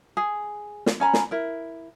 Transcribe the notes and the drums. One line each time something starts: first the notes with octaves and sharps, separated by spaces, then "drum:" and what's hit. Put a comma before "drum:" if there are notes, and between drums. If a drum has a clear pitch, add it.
G#4
drum: snare
C#4 G#5 A#5 B5
drum: snare
E4 A#4